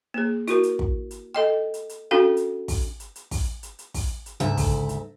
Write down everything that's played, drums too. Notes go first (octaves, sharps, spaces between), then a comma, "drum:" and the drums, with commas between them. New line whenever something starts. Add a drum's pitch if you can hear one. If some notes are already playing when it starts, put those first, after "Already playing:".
A#3 G#4
E4 F#4 A#4, drum: hi-hat
drum: hi-hat
drum: kick
drum: hi-hat
A4 D#5 G5
drum: hi-hat
drum: hi-hat
C#4 D4 F#4 A4 F5 G5
drum: hi-hat
drum: kick, open hi-hat
drum: hi-hat
drum: hi-hat
drum: kick, open hi-hat
drum: hi-hat
drum: hi-hat
drum: kick, open hi-hat
drum: hi-hat
D2 G#2 C#3 E5, drum: hi-hat
drum: kick, open hi-hat
drum: hi-hat